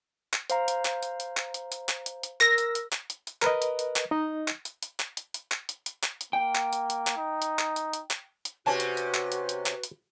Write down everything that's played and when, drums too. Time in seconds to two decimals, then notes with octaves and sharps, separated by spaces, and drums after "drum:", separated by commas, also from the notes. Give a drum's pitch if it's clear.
0.33 drum: clap
0.50 C5 F5 A#5, drum: hi-hat
0.68 drum: hi-hat
0.85 drum: clap
1.03 drum: hi-hat
1.20 drum: hi-hat
1.37 drum: clap
1.54 drum: hi-hat
1.72 drum: hi-hat
1.89 drum: clap
2.06 drum: hi-hat
2.23 drum: hi-hat
2.41 A#4 E6 A#6, drum: clap
2.58 drum: hi-hat
2.75 drum: hi-hat
2.93 drum: clap
3.10 drum: hi-hat
3.27 drum: hi-hat
3.42 A#4 B4 D#5, drum: clap
3.62 drum: hi-hat
3.79 drum: hi-hat
3.96 drum: clap
4.11 D#4 D#5
4.48 drum: clap
4.65 drum: hi-hat
4.83 drum: hi-hat
5.00 drum: clap
5.17 drum: hi-hat
5.34 drum: hi-hat
5.52 drum: clap
5.69 drum: hi-hat
5.86 drum: hi-hat
6.03 drum: clap
6.21 drum: hi-hat
6.33 A#3 G5
6.55 drum: clap
6.73 drum: hi-hat
6.90 drum: hi-hat
7.07 drum: clap
7.17 D#4
7.42 drum: hi-hat
7.59 drum: clap
7.76 drum: hi-hat
7.93 drum: hi-hat
8.11 drum: clap
8.45 drum: hi-hat
8.66 C3 C#4 F#4 B4 G#5 A5
8.80 drum: hi-hat
8.97 drum: hi-hat
9.14 drum: clap
9.32 drum: hi-hat
9.49 drum: hi-hat
9.66 drum: clap
9.83 drum: hi-hat